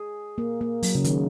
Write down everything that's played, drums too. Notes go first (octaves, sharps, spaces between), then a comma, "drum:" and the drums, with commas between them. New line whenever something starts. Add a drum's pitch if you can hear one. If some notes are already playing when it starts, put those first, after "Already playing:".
Already playing: G#4
A#3
A#3
F#3, drum: open hi-hat
C#3
D#3, drum: hi-hat